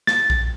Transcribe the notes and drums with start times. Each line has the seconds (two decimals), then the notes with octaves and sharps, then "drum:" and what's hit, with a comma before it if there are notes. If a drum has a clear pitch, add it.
0.07 A6, drum: snare
0.30 drum: kick A#1